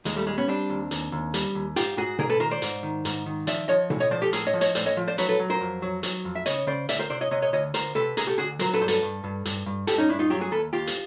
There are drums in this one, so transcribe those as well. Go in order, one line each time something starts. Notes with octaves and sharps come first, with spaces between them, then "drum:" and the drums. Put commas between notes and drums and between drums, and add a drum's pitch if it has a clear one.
D#2 G#3, drum: hi-hat
G3 A3
G3 G#3
B3 C#4
G3 C4 D4
D#2
D#2, drum: hi-hat
D#2
G3, drum: hi-hat
D#2
G#2 F4 G4, drum: hi-hat
G#2 F#4 G#4
G#2 G#4 A#4, drum: tom B2
A4 B4
D#3 A#4 C5
C5 D5
G#2, drum: hi-hat
D#3
G#2, drum: hi-hat
D#3
F3 D5 E5, drum: hi-hat
F3 C#5 D#5
A2, drum: tom B2
C#5 D#5
F3 C5 D5
G4 A4
A2 G#4 A#4, drum: hi-hat
C#5 D#5
F3
C#5 D#5, drum: hi-hat
A2 C5 D5, drum: hi-hat
C#5 D#5
F3
C5 D5
F#3 B4 C#5, drum: hi-hat
A4 B4
F#3
A#4 C5
F2
F#3
F#3, drum: hi-hat
F2
E5
C#3 C#5 D#5, drum: hi-hat
C#3 C5 D5
D2 D5 E5, drum: hi-hat
A#4 C5
C3 C5 D5
C#5 D#5
C3 C#5 D#5
C#5 D#5
D2 C#5 D#5
D2 A#4 C5, drum: hi-hat
C3 A4 B4
C3 G#4 A#4, drum: hi-hat
G4 A4
D2 F#4 G#4
F#3 A#4 C5, drum: hi-hat
A4 B4
G2 C5
A4 B4, drum: hi-hat
G2
G2
G2, drum: hi-hat
G2
G2 G4 A4, drum: hi-hat
C#4 D#4
G2 D4 E4
D#4 F4
F#3 F4 G4
F#4 G#4
D#2 A4 B4
D#2 F4 G4
drum: hi-hat